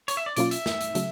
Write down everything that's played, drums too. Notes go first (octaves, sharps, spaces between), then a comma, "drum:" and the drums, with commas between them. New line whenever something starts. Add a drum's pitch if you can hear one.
C#5, drum: hi-hat
E5
D5
B2 F#3 A#3 C#4 F4 D5, drum: hi-hat
E5, drum: hi-hat
drum: snare
drum: hi-hat
C#3 F#3 A3, drum: hi-hat